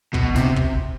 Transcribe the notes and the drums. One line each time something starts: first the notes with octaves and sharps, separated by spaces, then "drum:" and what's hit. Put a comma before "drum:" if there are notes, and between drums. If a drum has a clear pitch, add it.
B2, drum: kick
C3, drum: snare
drum: kick